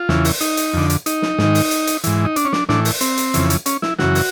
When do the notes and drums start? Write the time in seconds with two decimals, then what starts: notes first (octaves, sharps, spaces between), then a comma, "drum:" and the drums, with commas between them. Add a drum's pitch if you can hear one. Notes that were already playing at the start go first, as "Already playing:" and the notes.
Already playing: F4
0.09 E2 C#3 E3, drum: snare
0.25 drum: open hi-hat
0.41 D#4, drum: hi-hat
0.57 drum: hi-hat
0.73 F2 D3
0.90 drum: hi-hat
1.06 D#4, drum: hi-hat
1.22 drum: snare
1.38 G#2 D#3, drum: snare
1.55 drum: open hi-hat
1.71 drum: hi-hat
1.87 drum: hi-hat
2.04 G#2 E3, drum: hi-hat
2.25 D#4
2.36 D4, drum: hi-hat
2.45 C#4
2.53 D4, drum: snare
2.69 A2 E3 D4, drum: snare
2.85 drum: open hi-hat
3.01 C4, drum: hi-hat
3.17 drum: hi-hat
3.34 F2 C#3 E3, drum: hi-hat
3.50 drum: hi-hat
3.66 C#4, drum: hi-hat
3.82 E4, drum: snare
3.99 F#2 C#3 E3 F#4, drum: snare
4.15 drum: open hi-hat